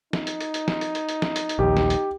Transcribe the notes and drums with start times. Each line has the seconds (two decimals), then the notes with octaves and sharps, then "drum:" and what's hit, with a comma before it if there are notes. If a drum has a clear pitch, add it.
0.13 D#4, drum: snare
0.27 drum: hi-hat
0.41 drum: hi-hat
0.54 drum: hi-hat
0.68 drum: snare
0.81 drum: hi-hat
0.95 drum: hi-hat
1.09 drum: hi-hat
1.22 drum: snare
1.36 drum: hi-hat
1.49 drum: hi-hat
1.59 A#1 D#2 G4
1.77 drum: snare
1.90 drum: hi-hat